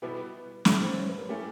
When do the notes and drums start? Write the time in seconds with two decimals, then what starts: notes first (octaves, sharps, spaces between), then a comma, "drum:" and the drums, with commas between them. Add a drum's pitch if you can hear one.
0.02 B2 G3 B3 E4 G4 B4
0.65 A3 D4 G4 C#5, drum: snare
0.82 C5
0.98 C#5
1.08 B4
1.18 A#4
1.29 A3 C#4 E4 G4 A#4